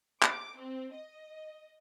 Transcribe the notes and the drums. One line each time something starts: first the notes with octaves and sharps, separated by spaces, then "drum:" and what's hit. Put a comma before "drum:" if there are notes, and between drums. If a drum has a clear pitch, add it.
D6, drum: clap
C4
D#5